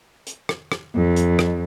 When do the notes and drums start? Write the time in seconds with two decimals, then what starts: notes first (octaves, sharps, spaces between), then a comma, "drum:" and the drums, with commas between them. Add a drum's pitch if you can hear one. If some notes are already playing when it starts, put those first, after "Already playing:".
0.27 drum: hi-hat
0.49 drum: rim click
0.72 drum: rim click
0.94 F2
1.16 drum: hi-hat
1.39 drum: rim click